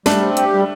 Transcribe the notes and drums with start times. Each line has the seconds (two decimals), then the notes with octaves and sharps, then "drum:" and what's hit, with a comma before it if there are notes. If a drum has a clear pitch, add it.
0.06 G3 A3 D4, drum: snare
0.21 C4
0.37 G4, drum: hi-hat
0.53 G3